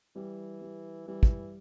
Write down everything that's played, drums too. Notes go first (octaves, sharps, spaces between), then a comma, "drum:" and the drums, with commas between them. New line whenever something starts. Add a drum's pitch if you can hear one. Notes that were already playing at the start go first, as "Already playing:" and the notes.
E3 G3
G3
E3 G3
drum: kick